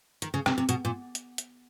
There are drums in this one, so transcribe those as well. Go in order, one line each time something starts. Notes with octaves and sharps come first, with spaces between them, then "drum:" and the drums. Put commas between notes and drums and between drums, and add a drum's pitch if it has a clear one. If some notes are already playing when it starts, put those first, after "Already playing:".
D#3, drum: hi-hat
C#3
C3, drum: rim click
C3
B2, drum: hi-hat
A#2
drum: hi-hat
drum: hi-hat